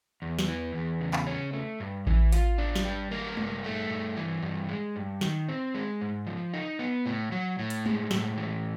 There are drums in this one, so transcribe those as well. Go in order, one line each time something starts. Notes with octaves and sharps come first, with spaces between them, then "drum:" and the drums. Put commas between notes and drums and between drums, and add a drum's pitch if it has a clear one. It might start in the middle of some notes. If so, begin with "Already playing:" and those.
E2
drum: snare
E3
E2
C#3
drum: clap
C#4
A3
G2
E3, drum: kick A1
F4, drum: hi-hat
D4
drum: snare
G3
A#3
G2, drum: tom G#3
A3
G2
E3
G2
G#3
G2
D#3, drum: snare
C4
G#3
G#2
F3
D#4
B3
A2
F#3
A2
drum: hi-hat
G#3, drum: tom G#3
A2, drum: snare
E3